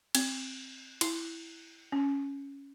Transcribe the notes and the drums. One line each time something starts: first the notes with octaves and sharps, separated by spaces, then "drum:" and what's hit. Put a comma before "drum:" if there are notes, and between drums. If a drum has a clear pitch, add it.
C4, drum: cymbal
E4, drum: cymbal
C#4